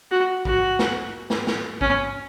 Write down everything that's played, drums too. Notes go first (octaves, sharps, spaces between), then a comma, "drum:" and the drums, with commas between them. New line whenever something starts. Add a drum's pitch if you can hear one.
F#4
F#4, drum: kick A1
drum: snare
drum: snare
drum: snare
C#4, drum: kick A1